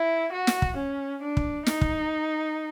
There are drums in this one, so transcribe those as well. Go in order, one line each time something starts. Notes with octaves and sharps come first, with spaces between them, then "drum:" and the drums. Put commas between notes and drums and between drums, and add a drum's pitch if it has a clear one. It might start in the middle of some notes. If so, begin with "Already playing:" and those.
Already playing: E4
F#4
drum: snare
drum: kick
C#4
D4
drum: kick
D#4, drum: snare
drum: kick